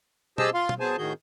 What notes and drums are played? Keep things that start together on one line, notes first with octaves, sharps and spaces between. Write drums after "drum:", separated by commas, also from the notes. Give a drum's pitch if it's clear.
G4 G#4 C5 D#5 A5 E6, drum: tom B2
F4 F5 C6
drum: tom B2
F#3 B3 G#4 C5 G#5 A5
A2 D#3 F#4 G#4 G6